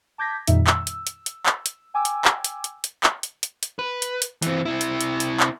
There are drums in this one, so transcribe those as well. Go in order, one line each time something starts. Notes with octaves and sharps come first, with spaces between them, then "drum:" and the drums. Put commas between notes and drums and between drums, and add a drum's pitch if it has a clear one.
A5 D6 G6 G#6 A#6 B6
F2 A#2 D#3 G3 D#4 E5, drum: hi-hat
E6, drum: clap
drum: hi-hat
drum: hi-hat
drum: hi-hat
drum: clap
drum: hi-hat
G5 G#5 D6 E6
drum: hi-hat
drum: clap
drum: hi-hat
drum: hi-hat
drum: hi-hat
drum: clap
drum: hi-hat
drum: hi-hat
drum: hi-hat
B4
drum: hi-hat
drum: hi-hat
E3 C4, drum: hi-hat
C3 E4
drum: hi-hat
drum: hi-hat
drum: hi-hat
drum: clap